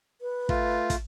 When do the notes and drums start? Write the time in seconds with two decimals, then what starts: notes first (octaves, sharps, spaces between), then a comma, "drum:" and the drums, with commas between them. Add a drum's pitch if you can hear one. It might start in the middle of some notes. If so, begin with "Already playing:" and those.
0.21 B4
0.49 A3 F4, drum: kick
0.90 drum: kick, hi-hat